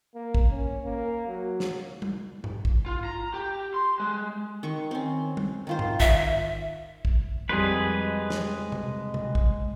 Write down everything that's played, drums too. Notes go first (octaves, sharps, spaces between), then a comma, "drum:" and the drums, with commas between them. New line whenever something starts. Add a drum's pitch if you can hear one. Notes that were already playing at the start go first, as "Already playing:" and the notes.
A#3
drum: kick
C#4
A#3
F#3
drum: snare
drum: tom G3
drum: tom G#2
drum: kick
F4
A#5
G4
C6
G#3
D#3 C#6
C4 C#4
drum: tom G3
D#3 F4 C5
drum: tom G#2
E5, drum: kick
drum: kick
F2 G3 G#3 G#4 B4 G5 C6 G6
drum: snare
drum: tom C3
drum: tom C3
drum: kick